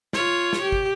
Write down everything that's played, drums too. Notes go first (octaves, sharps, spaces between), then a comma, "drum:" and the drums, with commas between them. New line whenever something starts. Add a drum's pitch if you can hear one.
F4 C#5, drum: snare
drum: snare
G4
drum: kick